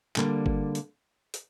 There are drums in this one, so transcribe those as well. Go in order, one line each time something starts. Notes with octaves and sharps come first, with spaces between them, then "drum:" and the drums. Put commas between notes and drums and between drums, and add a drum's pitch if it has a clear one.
D3 G3 A#3, drum: clap
drum: kick G1
drum: hi-hat
drum: hi-hat